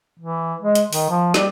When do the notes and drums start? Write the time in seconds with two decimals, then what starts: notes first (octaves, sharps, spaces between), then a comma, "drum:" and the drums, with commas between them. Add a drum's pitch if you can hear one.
0.20 E3
0.61 G#3
0.75 drum: hi-hat
0.93 D#3, drum: open hi-hat
1.10 F3
1.34 G3, drum: snare